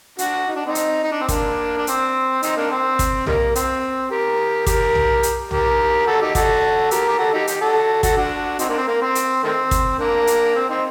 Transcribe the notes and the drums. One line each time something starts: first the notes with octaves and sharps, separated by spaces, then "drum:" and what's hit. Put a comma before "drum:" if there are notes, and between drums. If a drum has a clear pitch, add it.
D4 F#4, drum: hi-hat
D#4
D4
C4 D#4
drum: hi-hat
D#4
D4
C4
A#3 D4, drum: kick, hi-hat
D4
C4, drum: hi-hat
C4 D#4, drum: hi-hat
A#3 D4
C4
drum: kick, hi-hat
D#3 G3 A#3, drum: tom B1
C4, drum: hi-hat
G4 A#4
G4 A#4, drum: kick, hi-hat
drum: tom B1
drum: hi-hat
G4 A#4, drum: tom B1
F#4 A4
D#4 G4
F#4 A4, drum: kick, hi-hat
G4 A#4, drum: hi-hat
G4
F#4 A4
D#4 G4
D#4 G4, drum: hi-hat
F#4 A4
F#4 A4, drum: kick, hi-hat
D4 F#4
C4 D#4, drum: hi-hat
A#3 D4
C4
A#3
C4
drum: hi-hat
D#3 A3 C4
drum: kick, hi-hat
A#3 D4
drum: hi-hat
C4
C4 D#4